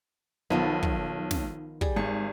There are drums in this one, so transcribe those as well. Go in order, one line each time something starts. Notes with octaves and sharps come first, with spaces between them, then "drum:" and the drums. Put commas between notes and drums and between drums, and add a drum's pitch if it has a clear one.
B1 D#3 F3 B3
drum: kick
drum: snare
G3 G#4, drum: kick
G#1 C#6